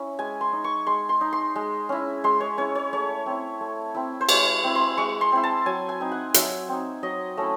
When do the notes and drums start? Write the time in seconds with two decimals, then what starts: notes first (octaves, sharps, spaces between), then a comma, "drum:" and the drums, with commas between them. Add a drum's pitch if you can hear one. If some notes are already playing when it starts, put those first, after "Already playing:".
Already playing: C#4 E4
0.19 G#3 G#5
0.41 C6
0.53 D#4
0.64 C#6
0.87 G#3 C6
1.09 C6
1.21 D#4
1.33 C6
1.56 G#3
1.89 C#4 E4
2.24 G#3 C6
2.41 C#5
2.58 C#4 E4 C#5
2.75 C#5
2.93 A3 C#5
3.26 C4 E4
3.61 A3
3.95 C4 E4
4.21 C5
4.29 G#3 C#5, drum: cymbal
4.64 C4 E4
4.75 C6
4.97 G#3 C#6
5.21 C6
5.32 C4 E4
5.43 A5
5.66 F#3 G#5
5.89 G#5
6.00 C4 D#4
6.12 F#5
6.34 F#3 E5, drum: hi-hat
6.69 C4 D#4
7.03 F#3 D#5
7.37 A3 C#4 E4